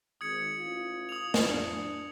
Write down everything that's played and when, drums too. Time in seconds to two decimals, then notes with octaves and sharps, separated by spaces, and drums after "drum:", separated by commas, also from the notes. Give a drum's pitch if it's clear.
0.21 G#1 D#6 G#6 C#7
0.58 A1 F4
1.09 D#6 F7
1.34 drum: snare
1.46 D4